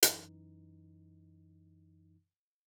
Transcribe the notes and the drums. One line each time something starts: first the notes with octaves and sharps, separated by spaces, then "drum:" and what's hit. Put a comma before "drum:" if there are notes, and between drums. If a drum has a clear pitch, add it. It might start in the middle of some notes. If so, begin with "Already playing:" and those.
F#2 E3 D#4, drum: hi-hat